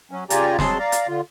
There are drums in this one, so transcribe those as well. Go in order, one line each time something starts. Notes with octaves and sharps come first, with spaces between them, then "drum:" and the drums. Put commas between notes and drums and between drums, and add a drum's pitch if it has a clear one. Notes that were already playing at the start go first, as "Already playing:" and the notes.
F#3 C#4
C#3 F4 G4 D5 G#5 A#5, drum: hi-hat
F#3 G#3 C4 G#4 A5 C6, drum: snare
D5 F5 A#5
drum: hi-hat
D3 F4